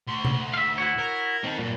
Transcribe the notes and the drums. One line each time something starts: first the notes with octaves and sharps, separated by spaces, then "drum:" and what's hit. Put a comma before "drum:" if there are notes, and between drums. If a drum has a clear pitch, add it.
D2 C6
drum: tom C3
E5 F5
E4 F#4 C#5
A#4
D#3 C4 A4
G2 A#2 F#3